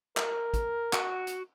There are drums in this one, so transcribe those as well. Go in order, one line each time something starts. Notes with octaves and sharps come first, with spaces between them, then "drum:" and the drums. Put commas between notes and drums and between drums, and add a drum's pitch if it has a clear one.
A#4, drum: clap
drum: kick, hi-hat
F#4, drum: clap
drum: hi-hat